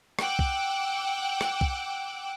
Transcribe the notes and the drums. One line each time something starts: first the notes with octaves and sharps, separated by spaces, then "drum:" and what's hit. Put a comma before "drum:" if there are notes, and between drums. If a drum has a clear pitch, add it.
F#5 G5 D6 E6 F#6, drum: rim click
drum: kick B1
drum: rim click
drum: kick B1